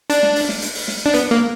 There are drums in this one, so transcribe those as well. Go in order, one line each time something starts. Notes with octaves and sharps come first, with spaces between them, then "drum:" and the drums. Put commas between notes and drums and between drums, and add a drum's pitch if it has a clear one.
D4, drum: hi-hat
drum: snare
drum: open hi-hat
drum: snare
drum: hi-hat
drum: open hi-hat
drum: snare
D4
B3, drum: hi-hat
A#3